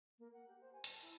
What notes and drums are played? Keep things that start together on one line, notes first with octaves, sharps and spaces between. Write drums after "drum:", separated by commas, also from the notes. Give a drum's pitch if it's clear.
A#3
F#5
G4
C5
G#5
A5, drum: hi-hat
E4